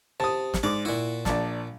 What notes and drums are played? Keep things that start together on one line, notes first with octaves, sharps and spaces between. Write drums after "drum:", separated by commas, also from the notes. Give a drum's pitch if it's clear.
C3 A5 D#6
drum: snare
G#2 D5 D6
A#2 E4 F#4
A#1 D5 A5, drum: snare